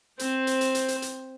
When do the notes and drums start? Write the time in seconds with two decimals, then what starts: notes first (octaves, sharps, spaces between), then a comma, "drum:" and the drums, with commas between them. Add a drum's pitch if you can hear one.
0.19 C4 C5, drum: hi-hat
0.47 drum: hi-hat
0.61 drum: hi-hat
0.75 drum: hi-hat
0.88 drum: hi-hat
1.02 drum: hi-hat